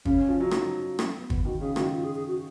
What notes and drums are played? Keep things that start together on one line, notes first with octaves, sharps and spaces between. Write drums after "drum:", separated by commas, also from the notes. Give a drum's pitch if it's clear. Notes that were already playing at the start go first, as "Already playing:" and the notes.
C#3 C#4, drum: kick
F3
F#3
D#4, drum: rim click
C#4, drum: rim click
B3
B3, drum: kick
D#3 F#4
C#3 G#4
D#3 F#4, drum: rim click
F4
G#4
G#4
F#4